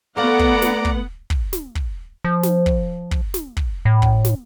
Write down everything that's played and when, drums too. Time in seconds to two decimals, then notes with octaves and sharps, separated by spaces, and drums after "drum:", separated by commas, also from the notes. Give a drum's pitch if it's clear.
0.17 A3 B3 D5 F5 F#5 A#5 D6
0.39 drum: kick
0.62 drum: snare
0.85 drum: kick
1.30 drum: kick
1.53 drum: snare
1.75 drum: kick
2.24 F3
2.43 drum: snare
2.66 drum: kick
3.11 drum: kick
3.34 drum: snare
3.57 drum: kick
3.85 A2
4.02 drum: kick
4.25 drum: snare